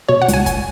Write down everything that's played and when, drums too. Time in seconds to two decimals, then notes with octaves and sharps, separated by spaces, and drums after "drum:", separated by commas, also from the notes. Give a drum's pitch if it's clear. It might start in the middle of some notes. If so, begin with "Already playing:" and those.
0.08 B2 C#5
0.22 F#5
0.28 C#2, drum: hi-hat
0.33 G#5
0.46 G#5, drum: kick, hi-hat